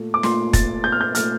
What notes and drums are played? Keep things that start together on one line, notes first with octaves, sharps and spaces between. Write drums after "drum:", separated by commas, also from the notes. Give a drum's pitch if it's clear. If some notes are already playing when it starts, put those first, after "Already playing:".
Already playing: A#2 A3
D6
A#2 A3 C6, drum: snare
A6, drum: kick, hi-hat
G6
F6
G6
A#2 A3 F6, drum: hi-hat